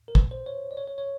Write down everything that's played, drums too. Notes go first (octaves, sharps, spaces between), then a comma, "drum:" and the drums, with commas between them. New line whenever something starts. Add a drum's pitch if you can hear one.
A#4
B4, drum: kick
C5
C#5
D5
C#5
C#5
C#5